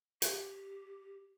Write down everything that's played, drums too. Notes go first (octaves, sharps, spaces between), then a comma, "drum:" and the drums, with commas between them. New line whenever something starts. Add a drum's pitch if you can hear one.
G4, drum: hi-hat